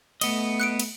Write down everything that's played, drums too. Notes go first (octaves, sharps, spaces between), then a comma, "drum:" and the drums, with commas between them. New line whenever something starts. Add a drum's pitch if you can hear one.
A3 B3 D#5, drum: cymbal
F#6 C#7 D7
drum: cymbal